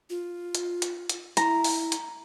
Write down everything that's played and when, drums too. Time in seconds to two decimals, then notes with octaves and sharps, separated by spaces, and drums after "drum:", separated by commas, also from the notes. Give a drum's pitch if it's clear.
0.10 F4
0.55 drum: hi-hat
0.82 drum: hi-hat
1.09 drum: hi-hat
1.37 E4 A#5, drum: hi-hat
1.64 drum: open hi-hat
1.92 drum: hi-hat